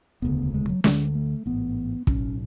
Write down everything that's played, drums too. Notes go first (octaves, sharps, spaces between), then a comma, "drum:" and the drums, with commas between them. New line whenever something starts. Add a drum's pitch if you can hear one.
E1 D2 C#3 B3
G#3
F#3
D2 D3 G#3, drum: snare
A3
A1 G#2 B3
B1 A2 C#4, drum: kick